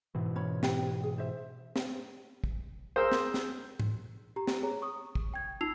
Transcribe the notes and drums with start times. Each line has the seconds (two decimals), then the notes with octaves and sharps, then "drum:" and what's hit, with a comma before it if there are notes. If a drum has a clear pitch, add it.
0.15 G#2 B2 E3
0.35 C#4 C#5 B5
0.63 G4 G5, drum: snare
1.03 G#4
1.18 C5 E5
1.76 drum: snare
2.44 drum: kick
2.96 G#4 A#4 C5 E6 G6
3.12 drum: snare
3.34 drum: snare
3.80 drum: tom G#2
4.36 G4 A#5
4.47 drum: snare
4.63 G#4 C#5 A#5
4.82 C#6 D#6
5.15 drum: kick
5.34 G5 G#6
5.61 D#4 F4 A5 E6 C7 F7